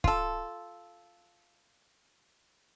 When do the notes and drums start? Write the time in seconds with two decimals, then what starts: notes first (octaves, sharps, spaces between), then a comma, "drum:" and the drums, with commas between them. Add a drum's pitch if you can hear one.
0.04 F4 A4, drum: kick